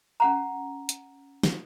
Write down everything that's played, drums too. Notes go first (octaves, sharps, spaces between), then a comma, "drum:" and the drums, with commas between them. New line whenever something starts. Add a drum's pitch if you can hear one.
C#4 F#5 A#5
drum: hi-hat
drum: snare